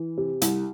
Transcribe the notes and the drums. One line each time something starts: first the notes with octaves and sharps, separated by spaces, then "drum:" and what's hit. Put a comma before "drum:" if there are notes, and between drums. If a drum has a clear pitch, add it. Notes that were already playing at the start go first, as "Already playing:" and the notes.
Already playing: E3
C3
C2, drum: hi-hat